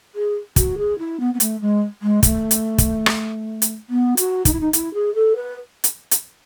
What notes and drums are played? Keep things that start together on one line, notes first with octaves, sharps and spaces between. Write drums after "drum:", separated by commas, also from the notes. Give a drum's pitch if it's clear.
G#4
F#4, drum: kick, hi-hat
G#4
E4
B3
B3
A3, drum: hi-hat
G#3
G#3
A3, drum: kick, hi-hat
drum: hi-hat
drum: kick, hi-hat
drum: rim click
drum: hi-hat
B3
F#4, drum: hi-hat
D#4, drum: kick, hi-hat
E4
D#4
E4, drum: hi-hat
G#4
A4
B4
drum: hi-hat
drum: hi-hat